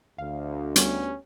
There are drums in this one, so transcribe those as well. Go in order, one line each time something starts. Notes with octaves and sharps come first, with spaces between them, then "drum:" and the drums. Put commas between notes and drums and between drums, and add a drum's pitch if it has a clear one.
D2 F5
G3 B3 C#4, drum: hi-hat